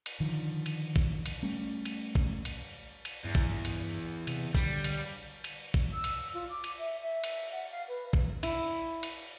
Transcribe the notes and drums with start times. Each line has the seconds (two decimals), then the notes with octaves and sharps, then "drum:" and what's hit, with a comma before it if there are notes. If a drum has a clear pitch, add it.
0.06 drum: cymbal
0.20 D3 D#3 F3
0.66 drum: cymbal
0.96 drum: kick A1
1.26 drum: cymbal
1.43 G3 A3 C#4
1.85 drum: cymbal
2.15 drum: kick A1
2.45 drum: cymbal
3.05 drum: cymbal
3.25 E2 G2
3.35 drum: kick A1
3.65 drum: cymbal
4.27 C3, drum: cymbal
4.55 D3 G3, drum: kick A1
4.84 drum: cymbal
5.44 drum: cymbal
5.74 drum: kick A1
5.93 E6
6.04 drum: cymbal
6.33 F4
6.49 D6
6.64 drum: cymbal
6.78 E5
7.01 E5
7.24 drum: cymbal
7.51 F#5
7.70 F5
7.88 B4
8.13 drum: kick A1
8.43 E4, drum: cymbal
9.03 drum: cymbal